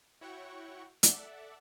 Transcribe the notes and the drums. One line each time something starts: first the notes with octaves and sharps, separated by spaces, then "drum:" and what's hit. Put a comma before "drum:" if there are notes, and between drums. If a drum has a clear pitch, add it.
E4 F#4 C#5 F#5 G5 C#6
A4 D5 E5 F#5, drum: hi-hat